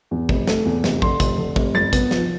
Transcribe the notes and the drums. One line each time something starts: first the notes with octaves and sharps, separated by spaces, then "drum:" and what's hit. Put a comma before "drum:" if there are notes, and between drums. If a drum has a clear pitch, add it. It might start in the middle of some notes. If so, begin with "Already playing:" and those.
E2
F1, drum: kick
A3, drum: snare
E2
F1, drum: snare
D3 C6, drum: kick
F1, drum: kick, hi-hat
D3
F1, drum: kick
G1 A6
B3, drum: kick, hi-hat
F3, drum: snare